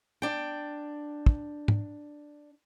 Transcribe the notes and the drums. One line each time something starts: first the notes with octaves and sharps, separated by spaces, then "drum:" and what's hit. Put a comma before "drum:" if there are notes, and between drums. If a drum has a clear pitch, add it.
D4 G5
drum: kick
drum: tom G#2